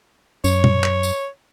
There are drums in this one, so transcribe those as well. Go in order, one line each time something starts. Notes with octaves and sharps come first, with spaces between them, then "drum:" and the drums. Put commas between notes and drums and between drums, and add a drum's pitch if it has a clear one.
F#2 C#5, drum: tambourine
drum: tom A#2
drum: clap
drum: tambourine